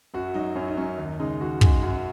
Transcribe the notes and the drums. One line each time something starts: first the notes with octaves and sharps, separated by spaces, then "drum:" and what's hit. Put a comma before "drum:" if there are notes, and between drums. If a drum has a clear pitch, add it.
F#2 F#4
F#3 D#4
F#2 C#4
D#4
F#3 C#4
D#2
C#3 G#3 D#4
D#2 F#4
C#3 G#3 G#4, drum: kick
F#2 F#4